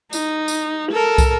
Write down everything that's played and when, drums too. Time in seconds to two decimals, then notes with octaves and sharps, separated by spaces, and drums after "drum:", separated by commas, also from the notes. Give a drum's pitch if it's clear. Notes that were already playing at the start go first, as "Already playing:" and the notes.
0.13 D#4, drum: tambourine
0.48 drum: tambourine
0.92 A4 A#4
1.18 drum: kick, tambourine